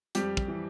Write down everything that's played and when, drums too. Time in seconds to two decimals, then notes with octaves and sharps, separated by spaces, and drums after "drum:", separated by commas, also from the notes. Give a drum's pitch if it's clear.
0.15 F2 G3 G4, drum: hi-hat
0.37 drum: kick
0.48 E3